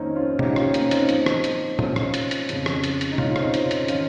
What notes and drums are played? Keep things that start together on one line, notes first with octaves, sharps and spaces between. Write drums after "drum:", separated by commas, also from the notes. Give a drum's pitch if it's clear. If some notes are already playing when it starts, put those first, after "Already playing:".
Already playing: F2 D#3 A#3 C4 C#4 D#4
C#4 F4
D#4 G4, drum: tom B2
C#4 F4, drum: rim click
A#3 C#4, drum: hi-hat
C4 D#4, drum: hi-hat
A#2 F3 C4 D#4, drum: hi-hat
drum: rim click
drum: hi-hat
C#4 F4, drum: tom
drum: rim click
drum: hi-hat
drum: hi-hat
F2 C#3 F3, drum: hi-hat
drum: rim click
drum: hi-hat
drum: hi-hat
D#4
C#4 F4, drum: tom B2
F4
C4 D#4, drum: rim click
C#4 F4, drum: hi-hat
drum: hi-hat
D#3 C#4 F4, drum: hi-hat